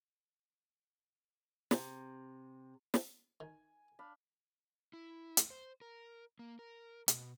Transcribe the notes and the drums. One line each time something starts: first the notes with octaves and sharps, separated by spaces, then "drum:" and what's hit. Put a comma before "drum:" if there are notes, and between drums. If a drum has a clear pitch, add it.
C3, drum: snare
drum: snare
D#3 G#5
D4 F5 B5
E4
drum: hi-hat
C5
A#4
A#3
A#4
B2, drum: hi-hat